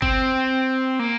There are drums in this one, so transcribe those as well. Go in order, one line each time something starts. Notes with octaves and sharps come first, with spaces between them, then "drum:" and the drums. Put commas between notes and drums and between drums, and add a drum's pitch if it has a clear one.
C4, drum: kick G1
A#3